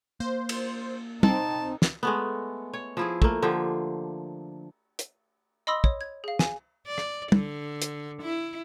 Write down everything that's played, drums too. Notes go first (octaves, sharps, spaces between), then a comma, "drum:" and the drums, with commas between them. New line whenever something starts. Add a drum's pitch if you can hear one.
A#3 C5
drum: cymbal
C4 D#4 A5, drum: tom
drum: snare
G#3 A3 B3
C#5
F3 E4 G#4
A3 A#3, drum: kick
D3 F3 G4
drum: hi-hat
D#5 B5 C6 D#6 E6 A#6
C#5, drum: kick
G#6
G#4 F5
G#5, drum: snare
D5
drum: rim click
D3, drum: tom
drum: hi-hat
E4